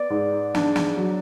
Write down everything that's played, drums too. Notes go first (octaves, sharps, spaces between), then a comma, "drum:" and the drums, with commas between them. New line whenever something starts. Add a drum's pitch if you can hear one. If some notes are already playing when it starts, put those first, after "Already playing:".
Already playing: B3 D5
G#2
D4, drum: snare
drum: snare
F#3